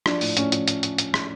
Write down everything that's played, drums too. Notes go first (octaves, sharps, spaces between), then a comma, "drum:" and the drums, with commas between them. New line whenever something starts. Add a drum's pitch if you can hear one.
F3 D4, drum: rim click
A2, drum: open hi-hat
A2 C#4, drum: hi-hat
F3, drum: hi-hat
drum: hi-hat
drum: hi-hat
drum: hi-hat
drum: rim click